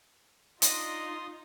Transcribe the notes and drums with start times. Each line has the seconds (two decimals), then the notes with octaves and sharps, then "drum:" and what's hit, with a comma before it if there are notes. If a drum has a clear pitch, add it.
0.62 D4 D#4 F4 D#5 C6 D#6, drum: hi-hat